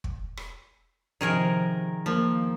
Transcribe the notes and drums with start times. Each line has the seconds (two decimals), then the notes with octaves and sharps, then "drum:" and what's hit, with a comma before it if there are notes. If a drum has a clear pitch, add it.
0.04 drum: kick
0.37 drum: rim click
1.21 C3 D#3 F3 G#4 A#4
2.06 D#3 F3 A#3